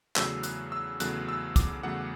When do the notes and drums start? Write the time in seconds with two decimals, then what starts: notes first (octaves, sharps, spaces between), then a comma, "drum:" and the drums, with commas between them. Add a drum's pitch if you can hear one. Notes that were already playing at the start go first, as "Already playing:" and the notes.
0.16 E2 C#3 F#3 A3 E6, drum: clap
0.43 F#6, drum: hi-hat
0.72 E6
1.00 E2 C#3 F#3 A3 F#6, drum: hi-hat
1.28 E6
1.56 D6, drum: kick, hi-hat
1.83 E2 C#3 F#3 A3 F#5